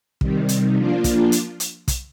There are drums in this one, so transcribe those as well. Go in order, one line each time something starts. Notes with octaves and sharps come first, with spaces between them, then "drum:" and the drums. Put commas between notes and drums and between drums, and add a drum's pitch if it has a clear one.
C3 D#3 G3, drum: kick
drum: hi-hat
F3 A#3 D4 F4
drum: kick, hi-hat
drum: hi-hat
drum: hi-hat
drum: kick, hi-hat